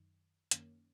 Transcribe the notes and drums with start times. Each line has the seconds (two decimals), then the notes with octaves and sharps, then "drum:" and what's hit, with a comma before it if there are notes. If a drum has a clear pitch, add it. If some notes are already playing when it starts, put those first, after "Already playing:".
Already playing: F#2 D#3
0.51 F#2 D#3 A#3 C#4, drum: hi-hat